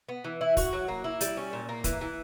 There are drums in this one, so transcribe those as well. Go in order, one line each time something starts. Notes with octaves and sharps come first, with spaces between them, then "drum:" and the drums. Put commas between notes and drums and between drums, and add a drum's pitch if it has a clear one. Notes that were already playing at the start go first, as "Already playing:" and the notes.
B3
E3
E4
F#4, drum: kick, open hi-hat
F#3
A#3
E4
G3, drum: hi-hat
C#4
A#2
A#3
E3, drum: kick, hi-hat
E3